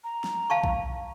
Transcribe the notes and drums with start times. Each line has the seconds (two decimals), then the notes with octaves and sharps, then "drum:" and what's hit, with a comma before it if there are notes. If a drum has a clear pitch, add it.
0.04 A#5
0.24 drum: snare
0.50 F5 A5 C#6
0.64 drum: kick B1